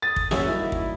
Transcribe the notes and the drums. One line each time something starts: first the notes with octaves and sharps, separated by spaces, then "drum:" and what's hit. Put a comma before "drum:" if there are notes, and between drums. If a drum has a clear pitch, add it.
D#6 A6
drum: kick
F#2 A#3 C#4 F#4 G#4 E5, drum: snare
G3 D#4 E4 D#5
drum: kick